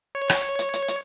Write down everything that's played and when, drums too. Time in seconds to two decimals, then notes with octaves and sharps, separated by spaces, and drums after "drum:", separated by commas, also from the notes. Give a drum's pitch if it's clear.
0.15 C#5
0.30 drum: rim click
0.59 drum: hi-hat
0.74 drum: hi-hat
0.88 drum: hi-hat